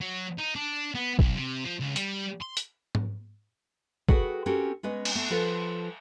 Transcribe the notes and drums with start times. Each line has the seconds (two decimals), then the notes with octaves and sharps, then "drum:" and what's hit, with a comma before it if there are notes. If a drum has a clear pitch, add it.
0.01 F#3
0.38 D#4
0.55 D4
0.95 B3
1.19 B1, drum: kick
1.36 C3
1.65 F3
1.80 C#2
1.96 G3, drum: hi-hat
2.41 C6
2.57 drum: hi-hat
2.95 drum: tom G#2
4.09 F#4 G#4 A4 B4 F#5 G5, drum: kick
4.46 C4 C#4 F#4 G4 A4 A#4
4.83 G#3 B3 C#4 B4 D#5
5.05 drum: cymbal
5.15 A3 B3
5.30 F3 F4 A4 B4